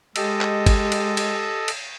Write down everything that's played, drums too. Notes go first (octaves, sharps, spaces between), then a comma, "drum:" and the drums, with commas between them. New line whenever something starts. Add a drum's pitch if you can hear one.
G#3 G4 A4 D#5, drum: cymbal
drum: clap
drum: kick G1, cymbal
drum: cymbal
drum: cymbal
drum: cymbal